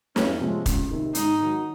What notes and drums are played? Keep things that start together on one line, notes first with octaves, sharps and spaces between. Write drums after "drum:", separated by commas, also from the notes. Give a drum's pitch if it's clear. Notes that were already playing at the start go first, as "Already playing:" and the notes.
F2 C#4, drum: snare
C3 F3 G#3 C4
C#2, drum: kick, hi-hat
C3 D#3
G#2 D#4, drum: hi-hat
D#3 F#3